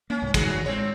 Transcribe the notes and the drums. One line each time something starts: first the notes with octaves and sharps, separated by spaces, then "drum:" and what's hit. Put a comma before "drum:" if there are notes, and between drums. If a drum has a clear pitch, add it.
A#3 C#4
C2 G#2
D#3 F#4 G#4, drum: kick, cymbal
A#1 A#2 D3
A2 G#3 C4 C#5